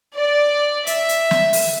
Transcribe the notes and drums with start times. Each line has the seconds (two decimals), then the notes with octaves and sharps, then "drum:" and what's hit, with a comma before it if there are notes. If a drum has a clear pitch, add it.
0.15 D5
0.87 E5, drum: hi-hat
1.09 drum: hi-hat
1.31 drum: snare
1.53 drum: open hi-hat